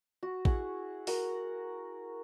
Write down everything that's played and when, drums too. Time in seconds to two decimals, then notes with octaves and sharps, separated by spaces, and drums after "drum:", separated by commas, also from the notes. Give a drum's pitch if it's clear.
0.23 F#4
0.45 E4 G#4 F#5 C#6, drum: kick A1
1.07 F#4 A#4 F#5, drum: open hi-hat